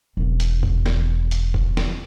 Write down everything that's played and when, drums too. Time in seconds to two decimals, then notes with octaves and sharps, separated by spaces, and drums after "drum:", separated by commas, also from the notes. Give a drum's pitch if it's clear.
0.17 E1 E2
0.40 drum: hi-hat
0.63 drum: kick
0.86 drum: snare
1.31 drum: hi-hat
1.54 drum: kick
1.77 drum: snare